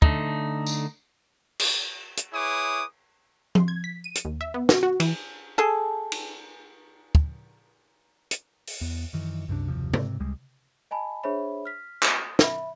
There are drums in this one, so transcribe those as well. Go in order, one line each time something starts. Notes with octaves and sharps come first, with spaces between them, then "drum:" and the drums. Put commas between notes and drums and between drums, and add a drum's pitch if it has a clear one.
D3 A3 D#4, drum: kick
drum: tambourine
drum: cymbal
drum: hi-hat
E4 G#4 B4 C#5 D6 D#6
C6, drum: tom F3
G#6
B6
D#7
drum: hi-hat
D#2
E5
B3
F#4, drum: snare
F#4
E3, drum: cymbal
G#4 A4
drum: cymbal
drum: kick
drum: hi-hat
drum: open hi-hat
E2 B3
F#2 D#3 E3
C2 F#2 C3 D4
F#1 D#2 C3 F3
G#2 C3, drum: tom C3
C#2 G3 G#3
D#5 G#5 A5 B5
D4 G#4 C5 C#5 E5 B5
F6 B6
D#6, drum: clap
E5 B5, drum: snare